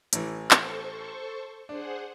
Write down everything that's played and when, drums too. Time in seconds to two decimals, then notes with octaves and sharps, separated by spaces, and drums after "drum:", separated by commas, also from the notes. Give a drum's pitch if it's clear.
0.13 A1 E3, drum: hi-hat
0.51 A4 C5 C#6, drum: clap
1.69 D4 G#4 C5 F#5